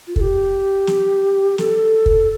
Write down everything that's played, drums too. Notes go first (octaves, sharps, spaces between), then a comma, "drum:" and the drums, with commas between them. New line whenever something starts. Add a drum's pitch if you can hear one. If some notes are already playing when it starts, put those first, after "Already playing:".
F4
A4, drum: kick
G4
drum: snare
A4, drum: snare
drum: kick